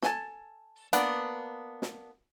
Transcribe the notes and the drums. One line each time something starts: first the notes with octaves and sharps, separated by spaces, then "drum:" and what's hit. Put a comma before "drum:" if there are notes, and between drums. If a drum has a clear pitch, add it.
A4 G#5 A5, drum: snare
A#3 B3 D4, drum: hi-hat
drum: snare